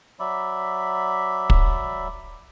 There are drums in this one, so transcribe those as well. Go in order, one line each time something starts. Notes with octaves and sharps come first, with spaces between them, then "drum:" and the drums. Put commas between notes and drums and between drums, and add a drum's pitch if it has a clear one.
F#3 D5 E5 B5
drum: kick